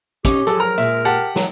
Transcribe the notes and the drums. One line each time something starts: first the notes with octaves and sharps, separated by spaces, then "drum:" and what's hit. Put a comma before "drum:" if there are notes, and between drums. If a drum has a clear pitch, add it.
C#4 D#4 G4, drum: kick, hi-hat
F3 F#3 G#3 A4
A#4 A#5
A#2 G#3 E5
G4 F#5 A5
E3 F#3, drum: snare